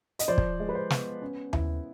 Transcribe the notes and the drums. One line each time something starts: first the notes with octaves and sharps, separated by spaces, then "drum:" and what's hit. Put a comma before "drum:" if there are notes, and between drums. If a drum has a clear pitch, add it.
D#5, drum: hi-hat
F3 C5 D5
drum: kick
G#3
B4
C5
B3, drum: snare
C#4
E4, drum: tom D#2